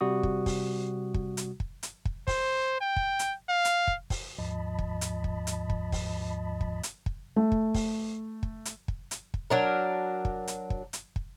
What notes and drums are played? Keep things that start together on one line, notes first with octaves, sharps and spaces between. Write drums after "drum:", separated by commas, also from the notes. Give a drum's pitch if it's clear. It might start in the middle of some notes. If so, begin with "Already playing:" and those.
C3 G3 F#4 D#6
drum: kick
drum: kick, open hi-hat
drum: kick
drum: hi-hat
drum: kick
drum: hi-hat
drum: kick
C5, drum: kick, open hi-hat
G5
drum: kick
drum: hi-hat
F5
drum: hi-hat
drum: kick
drum: kick, open hi-hat
D#2 G#2 F3 D#5 A5 B5
drum: kick
drum: hi-hat
drum: kick
drum: hi-hat
drum: kick
drum: kick, open hi-hat
drum: kick
drum: hi-hat
drum: kick
A3
drum: kick
drum: kick, open hi-hat
drum: kick
drum: hi-hat
drum: kick
drum: hi-hat
drum: kick
F#3 D4 A#4
drum: kick
drum: hi-hat
drum: kick
drum: hi-hat
drum: kick